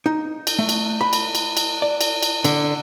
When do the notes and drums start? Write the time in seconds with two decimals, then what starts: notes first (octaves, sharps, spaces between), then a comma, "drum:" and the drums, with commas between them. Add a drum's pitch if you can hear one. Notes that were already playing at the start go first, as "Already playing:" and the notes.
0.06 D#4
0.47 drum: cymbal
0.59 A3
0.69 drum: cymbal
1.01 B5
1.13 drum: cymbal
1.35 drum: cymbal
1.57 drum: cymbal
1.82 D5
2.01 drum: cymbal
2.23 drum: cymbal
2.45 D3, drum: cymbal